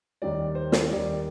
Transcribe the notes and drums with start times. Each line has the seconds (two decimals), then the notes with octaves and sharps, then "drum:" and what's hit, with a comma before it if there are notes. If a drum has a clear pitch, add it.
0.22 D#2 D#3 G3 D5
0.55 C5
0.72 drum: snare
0.89 D#2 D#3 G3 D5